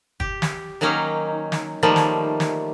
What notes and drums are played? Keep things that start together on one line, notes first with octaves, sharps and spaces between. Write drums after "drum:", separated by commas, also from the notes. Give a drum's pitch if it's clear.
G4, drum: kick
drum: snare
D#3 F#3 A#3 C#4 D#4
drum: snare
D#3 F3 G3 A3 A#3
drum: snare
drum: snare